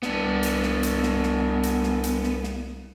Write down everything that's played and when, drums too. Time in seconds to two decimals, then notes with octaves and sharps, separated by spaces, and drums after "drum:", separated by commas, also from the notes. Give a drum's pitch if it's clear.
0.03 C2 B3 D4, drum: snare
0.43 drum: hi-hat
0.63 drum: snare
0.83 drum: hi-hat
1.03 drum: snare
1.23 drum: snare
1.63 drum: hi-hat
1.83 drum: snare
2.04 drum: hi-hat
2.24 drum: snare
2.44 drum: snare